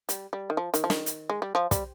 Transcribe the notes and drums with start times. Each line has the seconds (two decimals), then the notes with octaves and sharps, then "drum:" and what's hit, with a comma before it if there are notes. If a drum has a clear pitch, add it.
0.09 G3, drum: hi-hat
0.33 G3
0.50 D#3
0.57 F3
0.74 D#3, drum: hi-hat
0.84 F3
0.90 D#3, drum: snare
1.06 drum: hi-hat
1.30 G#3
1.42 G3
1.55 F3
1.71 G3, drum: kick, hi-hat